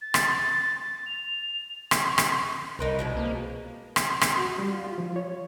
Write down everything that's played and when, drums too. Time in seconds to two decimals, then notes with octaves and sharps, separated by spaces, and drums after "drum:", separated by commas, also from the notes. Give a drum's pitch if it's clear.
0.01 A6
0.14 drum: rim click
1.06 F7
1.91 C#6, drum: rim click
2.18 drum: rim click
2.79 C2 D#4 A#4 B4
2.99 B2 F3 G#3
3.17 A#3
3.96 drum: rim click
4.21 drum: rim click
4.36 F#4
4.58 G3
4.72 F4
4.84 F4
4.98 F3
5.16 C#5